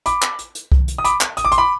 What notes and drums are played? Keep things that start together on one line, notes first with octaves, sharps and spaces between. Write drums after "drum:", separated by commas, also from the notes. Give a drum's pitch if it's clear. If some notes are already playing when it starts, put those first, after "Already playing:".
B5 D6, drum: hi-hat
drum: clap
drum: hi-hat
drum: hi-hat
drum: kick C2
drum: hi-hat
D#6
B5 D6, drum: hi-hat
drum: clap
D#6, drum: hi-hat
D6
C6, drum: hi-hat
B5 D6